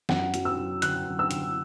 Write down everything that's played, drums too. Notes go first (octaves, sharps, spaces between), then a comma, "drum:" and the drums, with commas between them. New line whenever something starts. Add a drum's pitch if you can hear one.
F#2 F#5, drum: snare
F#3, drum: hi-hat
E6
F#3
D3 F#6, drum: hi-hat
F#2
E6
D3, drum: hi-hat